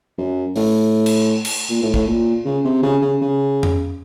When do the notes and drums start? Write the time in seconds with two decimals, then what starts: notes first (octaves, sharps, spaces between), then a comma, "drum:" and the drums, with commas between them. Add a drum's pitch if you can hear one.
0.18 F#2
0.56 A2, drum: open hi-hat
1.06 drum: cymbal
1.45 drum: cymbal
1.69 A#2
1.82 A2
1.94 A2, drum: kick
2.07 A#2
2.45 C#3
2.64 C3
2.83 C#3
3.02 C#3
3.21 C#3
3.63 drum: tom F2